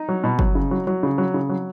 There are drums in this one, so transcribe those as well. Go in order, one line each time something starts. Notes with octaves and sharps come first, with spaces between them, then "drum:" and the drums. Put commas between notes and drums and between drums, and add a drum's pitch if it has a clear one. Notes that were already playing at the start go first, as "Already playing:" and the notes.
Already playing: D#4
F#3
B2
F#3, drum: kick
C#3
F#3
F#3
C#3
F#3
C#3
F#3